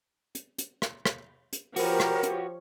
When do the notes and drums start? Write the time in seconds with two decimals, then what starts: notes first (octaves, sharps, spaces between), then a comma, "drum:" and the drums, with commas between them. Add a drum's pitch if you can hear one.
0.35 drum: hi-hat
0.58 drum: hi-hat
0.82 drum: rim click
1.06 drum: rim click
1.53 drum: hi-hat
1.76 F3 F#4 G4 A#4 B4 C#5, drum: open hi-hat
2.00 drum: rim click
2.23 drum: hi-hat